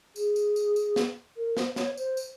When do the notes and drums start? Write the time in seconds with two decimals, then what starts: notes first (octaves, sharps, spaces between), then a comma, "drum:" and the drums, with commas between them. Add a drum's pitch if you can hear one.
0.16 G#4, drum: tambourine
0.36 drum: tambourine
0.56 drum: tambourine
0.76 drum: tambourine
0.96 drum: snare
1.37 A#4
1.57 C5, drum: snare
1.76 C#5, drum: snare
1.98 C5, drum: tambourine
2.17 drum: tambourine